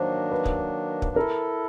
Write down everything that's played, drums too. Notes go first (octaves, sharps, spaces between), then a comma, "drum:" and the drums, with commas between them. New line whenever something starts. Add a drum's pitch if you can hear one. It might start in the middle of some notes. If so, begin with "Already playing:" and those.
Already playing: D#3 F#3 A#3 D4 C5 C#5
B4
drum: kick
drum: kick
E4 A4 A#4